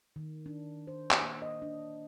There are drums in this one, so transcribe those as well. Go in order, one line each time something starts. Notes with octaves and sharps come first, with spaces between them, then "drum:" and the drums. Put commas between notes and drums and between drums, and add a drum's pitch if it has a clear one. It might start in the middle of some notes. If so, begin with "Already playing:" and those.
D#3
D4
C5
drum: clap
A#3
D#5
D4